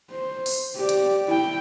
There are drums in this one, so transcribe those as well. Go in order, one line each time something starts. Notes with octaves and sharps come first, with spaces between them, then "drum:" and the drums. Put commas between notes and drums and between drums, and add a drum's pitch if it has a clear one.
C5
drum: open hi-hat
G4 D5
drum: hi-hat
E4 G5